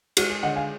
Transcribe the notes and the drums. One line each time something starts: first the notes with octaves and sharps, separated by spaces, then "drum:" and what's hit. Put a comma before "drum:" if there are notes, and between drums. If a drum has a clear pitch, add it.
G#3 F#4, drum: cymbal
G#4
D3 D#5 F#5
F5 G#5